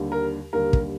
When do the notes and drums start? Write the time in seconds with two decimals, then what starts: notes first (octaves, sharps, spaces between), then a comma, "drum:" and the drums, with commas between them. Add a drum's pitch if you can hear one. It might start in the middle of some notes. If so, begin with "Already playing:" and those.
Already playing: D#2 D3 G3
0.12 A#4
0.53 D#2 D3 G3 A#4
0.73 drum: kick